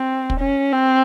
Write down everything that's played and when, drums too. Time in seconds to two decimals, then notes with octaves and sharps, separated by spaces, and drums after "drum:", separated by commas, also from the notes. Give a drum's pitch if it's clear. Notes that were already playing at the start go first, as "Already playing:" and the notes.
Already playing: C4
0.30 drum: kick
0.39 C#4
0.72 C4